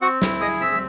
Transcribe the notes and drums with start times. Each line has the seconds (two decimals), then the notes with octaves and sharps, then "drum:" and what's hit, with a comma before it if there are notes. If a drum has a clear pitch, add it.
0.01 C4 F#4 F#5
0.22 E4, drum: snare
0.41 G#4 D#5 D#6
0.61 C4 E5 E6